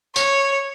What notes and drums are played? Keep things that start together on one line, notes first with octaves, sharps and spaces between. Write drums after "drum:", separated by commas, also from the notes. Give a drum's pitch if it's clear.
C#5, drum: tambourine